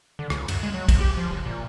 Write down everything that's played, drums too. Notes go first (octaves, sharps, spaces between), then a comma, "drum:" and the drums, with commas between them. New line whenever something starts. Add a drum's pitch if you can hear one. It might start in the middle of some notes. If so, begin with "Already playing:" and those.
D3
C#2, drum: rim click
F#2, drum: cymbal
G#3
F#3
F2, drum: kick, cymbal
G4
F3
F#1
A#2